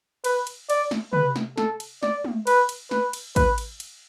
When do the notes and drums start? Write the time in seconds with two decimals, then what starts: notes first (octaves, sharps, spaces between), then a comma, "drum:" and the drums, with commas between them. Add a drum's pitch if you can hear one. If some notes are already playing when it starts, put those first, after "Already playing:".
0.24 B4, drum: cymbal
0.47 drum: cymbal
0.70 D5, drum: cymbal
0.91 drum: snare
1.13 B4, drum: tom
1.36 drum: snare
1.58 A4, drum: snare
1.80 drum: cymbal
2.03 D5, drum: snare
2.24 drum: tom
2.47 B4, drum: cymbal
2.69 drum: cymbal
2.91 B4, drum: snare
3.13 drum: cymbal
3.36 B4, drum: kick, cymbal
3.58 drum: cymbal
3.80 drum: cymbal